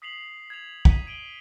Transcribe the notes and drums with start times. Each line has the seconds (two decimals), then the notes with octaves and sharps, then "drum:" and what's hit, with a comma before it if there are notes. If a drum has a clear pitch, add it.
0.02 D#6 B6 C7 F7 F#7
0.50 G#6 F7
0.85 B6 D#7, drum: kick
1.07 G#6 D7 D#7 F#7 G7